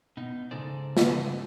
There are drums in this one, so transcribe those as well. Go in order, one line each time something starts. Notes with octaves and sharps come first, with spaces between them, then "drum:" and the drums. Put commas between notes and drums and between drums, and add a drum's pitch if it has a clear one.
B2 D#4
G#2 C#3 D#4 A4 C5 D5
drum: snare